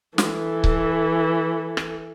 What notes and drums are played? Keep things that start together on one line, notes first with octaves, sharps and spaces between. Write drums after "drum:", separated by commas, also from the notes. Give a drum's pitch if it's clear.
E3 A4, drum: snare
drum: kick C#1
drum: rim click